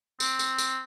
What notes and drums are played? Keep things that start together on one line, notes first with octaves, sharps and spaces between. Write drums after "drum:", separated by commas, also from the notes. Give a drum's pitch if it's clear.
C4, drum: tambourine
drum: tambourine
drum: tambourine